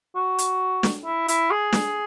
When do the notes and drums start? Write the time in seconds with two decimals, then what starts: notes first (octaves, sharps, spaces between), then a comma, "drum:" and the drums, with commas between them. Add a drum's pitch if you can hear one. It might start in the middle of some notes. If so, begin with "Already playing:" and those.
0.16 F#4
0.38 drum: hi-hat
0.83 drum: snare
1.05 E4
1.28 E4, drum: hi-hat
1.51 G#4
1.73 drum: snare